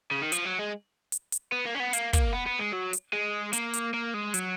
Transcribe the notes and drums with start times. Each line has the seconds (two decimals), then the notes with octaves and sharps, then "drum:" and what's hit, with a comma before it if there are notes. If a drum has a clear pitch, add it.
0.11 C#3
0.21 D#3
0.32 F3, drum: hi-hat
0.45 F#3
0.59 G#3
1.12 drum: hi-hat
1.32 drum: hi-hat
1.52 B3
1.66 A#3
1.75 C#4
1.80 B3
1.93 A#3, drum: hi-hat
2.13 A#3, drum: kick, hi-hat
2.33 B3
2.46 B3
2.60 G#3
2.73 F#3
2.93 drum: hi-hat
3.13 G#3
3.53 A#3, drum: hi-hat
3.73 drum: hi-hat
3.94 A#3
4.14 G#3
4.34 F#3, drum: hi-hat